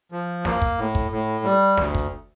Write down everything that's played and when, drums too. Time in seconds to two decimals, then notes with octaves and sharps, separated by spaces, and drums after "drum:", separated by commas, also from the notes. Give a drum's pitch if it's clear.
0.12 F3
0.45 A#3, drum: snare
0.62 drum: kick
0.78 A2
0.95 drum: kick
1.12 A2
1.45 G3
1.78 D2, drum: snare
1.95 drum: kick